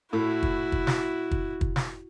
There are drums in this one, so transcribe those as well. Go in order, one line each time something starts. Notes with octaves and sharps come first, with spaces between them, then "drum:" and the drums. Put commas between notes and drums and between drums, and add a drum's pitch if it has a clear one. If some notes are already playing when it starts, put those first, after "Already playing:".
A2 E4 F#4
drum: kick
drum: kick
drum: snare
drum: kick
drum: kick
drum: snare